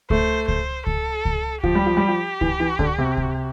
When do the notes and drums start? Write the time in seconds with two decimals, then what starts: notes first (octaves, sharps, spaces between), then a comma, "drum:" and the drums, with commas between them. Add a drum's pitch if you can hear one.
0.10 A3 C5, drum: kick C#2
0.48 C5, drum: kick C#2
0.87 A4, drum: kick C#2
1.25 drum: kick C#2
1.63 F3 G4, drum: kick C#2
1.75 G3
1.86 F3
1.97 G3
2.08 F3
2.41 E3, drum: kick C#2
2.60 E3
2.79 D3, drum: kick C#2
2.98 C3
3.17 drum: kick C#2